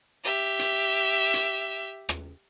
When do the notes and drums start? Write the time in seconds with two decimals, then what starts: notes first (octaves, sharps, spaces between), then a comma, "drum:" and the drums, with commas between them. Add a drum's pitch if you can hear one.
0.24 G4 E5
0.59 drum: hi-hat
1.34 drum: hi-hat
2.09 drum: rim click